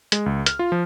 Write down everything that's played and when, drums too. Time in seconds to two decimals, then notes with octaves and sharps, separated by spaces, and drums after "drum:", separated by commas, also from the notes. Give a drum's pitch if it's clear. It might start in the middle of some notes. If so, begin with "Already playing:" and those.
0.12 G#3, drum: hi-hat
0.26 C#2
0.46 F6, drum: hi-hat
0.59 F4
0.72 F3